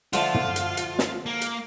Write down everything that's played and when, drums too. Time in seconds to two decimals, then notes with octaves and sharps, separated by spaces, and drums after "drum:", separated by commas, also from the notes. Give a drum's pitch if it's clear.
0.13 D3 F3 A3 F4, drum: hi-hat
0.34 drum: tom
0.56 drum: hi-hat
0.77 drum: hi-hat
0.99 drum: snare
1.26 A#3
1.41 drum: hi-hat